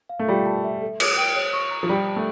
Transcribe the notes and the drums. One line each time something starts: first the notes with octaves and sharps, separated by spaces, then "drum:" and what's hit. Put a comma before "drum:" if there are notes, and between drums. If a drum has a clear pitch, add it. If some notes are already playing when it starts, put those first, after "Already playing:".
F5
A3
G3 F4
A5
E5
A4
D6, drum: cymbal
G5
C#5
C#6
A#5
F3
G3 G4
A5
A3